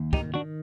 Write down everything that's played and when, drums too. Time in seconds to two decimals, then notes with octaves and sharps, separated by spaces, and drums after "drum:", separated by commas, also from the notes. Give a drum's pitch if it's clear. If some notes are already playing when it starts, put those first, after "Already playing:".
Already playing: D#2
0.13 D#3 D#4 G4, drum: kick
0.34 D#3 D4 F#4